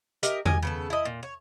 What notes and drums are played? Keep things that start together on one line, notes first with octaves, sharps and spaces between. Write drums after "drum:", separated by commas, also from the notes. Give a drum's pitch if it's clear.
G4 A#4 D#5 E5, drum: hi-hat
G4 A#4 D#5 G#5, drum: tom E2
C#3 B3 A4
E4 D#5
A#2
C#5